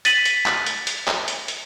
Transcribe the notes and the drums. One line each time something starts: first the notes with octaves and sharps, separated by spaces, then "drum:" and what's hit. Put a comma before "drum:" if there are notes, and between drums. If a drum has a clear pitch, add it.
A6 B6 D#7 F#7, drum: hi-hat
drum: hi-hat
drum: clap
drum: hi-hat
drum: hi-hat
drum: clap
drum: hi-hat
drum: hi-hat